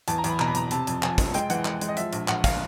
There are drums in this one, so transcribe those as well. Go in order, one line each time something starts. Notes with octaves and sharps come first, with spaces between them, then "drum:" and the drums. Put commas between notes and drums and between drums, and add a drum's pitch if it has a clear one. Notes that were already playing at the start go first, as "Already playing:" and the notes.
E2 A5, drum: hi-hat
A#5
E2, drum: hi-hat
B5
B2 A#5, drum: clap
B5
E2 A#5, drum: hi-hat
C3 A5, drum: hi-hat
F2, drum: hi-hat
F3 G#5, drum: clap
F2, drum: kick, hi-hat
G#3 G5, drum: hi-hat
E3 F#5, drum: hi-hat
G#3, drum: clap
G#3, drum: hi-hat
D#5
F3 E5, drum: hi-hat
A#1, drum: hi-hat
A#1 F#5, drum: clap
F5, drum: kick, hi-hat